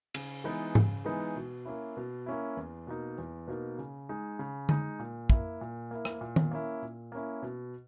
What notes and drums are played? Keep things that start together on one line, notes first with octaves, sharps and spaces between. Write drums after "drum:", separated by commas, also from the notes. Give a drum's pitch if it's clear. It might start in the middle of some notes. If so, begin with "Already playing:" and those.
C#3, drum: cymbal
E3 G#3 B3 D#4
C#3, drum: tom G#2
E3 G#3 B3 D#4
B2
A#3 C#4 E4
B2
A#3 C#4 E4
E2
B2 A#3 D#4
E2
B2 A#3 D#4
C#3
G#3 D#4
C#3
G#3 D#4, drum: tom D3
A#2
A#3 E4, drum: kick
A#2
A#3 E4
drum: rim click
A#2
drum: tom D#3
A#3 C#4 E4
A#2
A#3 C#4 E4
B2